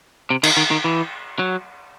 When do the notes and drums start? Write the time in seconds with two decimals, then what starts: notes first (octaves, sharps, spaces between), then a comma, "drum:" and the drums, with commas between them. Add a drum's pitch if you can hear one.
0.30 C3
0.43 D#3, drum: cymbal
0.57 D#3
0.71 D#3
0.84 E3
1.39 F#3